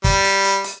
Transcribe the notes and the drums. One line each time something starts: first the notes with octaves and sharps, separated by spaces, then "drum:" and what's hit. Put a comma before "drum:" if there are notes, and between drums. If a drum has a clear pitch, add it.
G3, drum: kick, hi-hat
drum: hi-hat
drum: hi-hat
drum: hi-hat